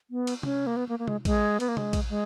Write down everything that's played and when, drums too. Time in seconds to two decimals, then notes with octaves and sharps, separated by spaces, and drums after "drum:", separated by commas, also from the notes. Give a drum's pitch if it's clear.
0.11 B3
0.27 drum: cymbal
0.43 C#4, drum: tom C3
0.67 A#3
0.76 B3
0.89 A#3
0.99 A#3
1.08 G#3, drum: tom
1.25 G#3, drum: kick, cymbal
1.60 B3, drum: cymbal
1.69 A#3
1.77 G#3, drum: tom C3
1.93 drum: kick, cymbal
2.10 G#3